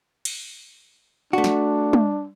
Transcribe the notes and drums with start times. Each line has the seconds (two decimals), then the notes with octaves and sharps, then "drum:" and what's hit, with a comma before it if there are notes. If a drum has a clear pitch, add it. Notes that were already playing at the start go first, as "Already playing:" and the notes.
0.25 drum: cymbal
1.33 A3 D4 F#4
1.44 drum: snare
1.93 drum: tom